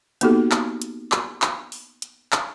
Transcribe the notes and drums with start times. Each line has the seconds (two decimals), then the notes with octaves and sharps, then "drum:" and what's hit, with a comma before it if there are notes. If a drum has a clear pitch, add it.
0.21 A#3 B3 D#4 F#4 G4 A4, drum: hi-hat
0.51 drum: clap
0.82 drum: hi-hat
1.12 drum: clap
1.42 drum: clap
1.72 drum: open hi-hat
2.02 drum: hi-hat
2.32 drum: clap